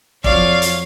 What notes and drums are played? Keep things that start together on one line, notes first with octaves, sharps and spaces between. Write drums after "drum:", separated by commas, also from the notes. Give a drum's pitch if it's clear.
F2 F#3 C#5 D5 F5, drum: kick
drum: hi-hat